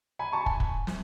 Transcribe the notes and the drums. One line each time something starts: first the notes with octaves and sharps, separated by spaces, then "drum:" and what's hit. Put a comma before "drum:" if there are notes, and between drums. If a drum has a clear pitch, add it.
G#5 B5
A5 C#6
G#5, drum: kick
drum: kick
drum: snare